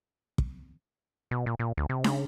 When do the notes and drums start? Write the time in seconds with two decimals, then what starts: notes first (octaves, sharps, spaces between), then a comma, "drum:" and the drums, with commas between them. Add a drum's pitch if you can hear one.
0.38 drum: kick
1.31 B2
1.46 A#2
1.59 A#2
1.77 D2
1.89 C3
2.04 C#3, drum: snare D4